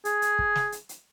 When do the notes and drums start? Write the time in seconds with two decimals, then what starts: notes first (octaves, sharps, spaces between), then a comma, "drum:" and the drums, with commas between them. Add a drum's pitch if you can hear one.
0.05 G#4, drum: hi-hat
0.22 drum: hi-hat
0.39 drum: kick
0.55 drum: snare
0.72 drum: hi-hat
0.89 drum: hi-hat